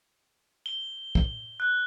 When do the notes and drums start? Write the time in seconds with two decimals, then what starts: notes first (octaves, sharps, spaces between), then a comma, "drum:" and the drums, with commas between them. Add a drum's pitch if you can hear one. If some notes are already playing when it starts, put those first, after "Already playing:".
0.66 G7
1.15 drum: kick
1.60 F#6